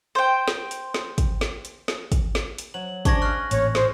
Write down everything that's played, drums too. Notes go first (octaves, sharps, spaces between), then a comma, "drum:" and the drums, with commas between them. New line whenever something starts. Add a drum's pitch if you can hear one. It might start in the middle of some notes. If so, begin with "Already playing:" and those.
C5 G5
drum: snare
drum: hi-hat
drum: snare
drum: kick, hi-hat
drum: snare
drum: hi-hat
drum: snare
drum: kick, hi-hat
drum: snare
drum: hi-hat
F#3 F#7
D4 G#4 C#5 C#6 G#6 A#6, drum: kick, hi-hat
D#5 F5 C#6 F6 F#6
A1 A#2 C#5, drum: hi-hat
C5, drum: snare